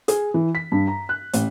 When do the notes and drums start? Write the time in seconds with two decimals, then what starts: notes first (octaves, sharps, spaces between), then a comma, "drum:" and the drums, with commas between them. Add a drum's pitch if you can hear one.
0.08 G#4, drum: hi-hat
0.34 E3
0.55 B6
0.72 G2
0.87 A#5
1.09 F#6
1.33 A1, drum: hi-hat